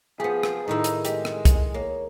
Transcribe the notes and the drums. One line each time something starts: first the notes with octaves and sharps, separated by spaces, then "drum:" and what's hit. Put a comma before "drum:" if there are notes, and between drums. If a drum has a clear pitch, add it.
F3 B3 G4 G#4
drum: rim click
A2 D#3 D#4 E4
drum: hi-hat
G#3 G4 D#5, drum: hi-hat
drum: rim click
drum: kick, hi-hat
A#3 C#5